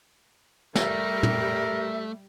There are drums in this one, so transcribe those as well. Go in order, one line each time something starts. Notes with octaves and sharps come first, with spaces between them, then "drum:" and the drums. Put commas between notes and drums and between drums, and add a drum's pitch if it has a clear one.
G3 A3 A#4 E5, drum: snare
drum: tom